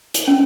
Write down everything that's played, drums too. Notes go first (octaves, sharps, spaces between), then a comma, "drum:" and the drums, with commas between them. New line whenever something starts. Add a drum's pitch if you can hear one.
drum: hi-hat
C#4